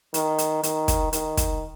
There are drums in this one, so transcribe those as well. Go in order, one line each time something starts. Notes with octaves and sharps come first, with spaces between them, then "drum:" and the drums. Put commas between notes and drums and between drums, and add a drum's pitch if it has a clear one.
D#3, drum: hi-hat
drum: hi-hat
D#3, drum: hi-hat
drum: kick, hi-hat
D#3, drum: hi-hat
drum: kick, hi-hat